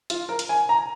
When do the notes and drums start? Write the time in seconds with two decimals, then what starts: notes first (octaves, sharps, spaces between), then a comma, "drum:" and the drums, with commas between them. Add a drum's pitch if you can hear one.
0.10 F4, drum: hi-hat
0.29 A#4
0.39 drum: hi-hat
0.49 G#5
0.69 A#5